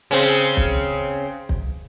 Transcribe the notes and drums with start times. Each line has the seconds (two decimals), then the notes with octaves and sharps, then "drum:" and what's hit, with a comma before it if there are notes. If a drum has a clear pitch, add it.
0.11 C#3 C4
0.57 drum: kick
1.49 drum: kick